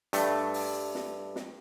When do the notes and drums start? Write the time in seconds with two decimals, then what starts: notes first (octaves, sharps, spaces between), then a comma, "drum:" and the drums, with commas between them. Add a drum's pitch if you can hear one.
0.13 G2 A3, drum: hi-hat
0.54 drum: open hi-hat
0.95 drum: snare
1.36 drum: snare